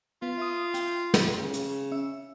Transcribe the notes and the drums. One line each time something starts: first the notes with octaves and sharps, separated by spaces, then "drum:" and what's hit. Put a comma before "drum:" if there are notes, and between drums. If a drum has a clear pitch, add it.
B3 F4
E5 D#6
G5, drum: hi-hat
drum: snare
C#3
drum: hi-hat
C#4 E5 E6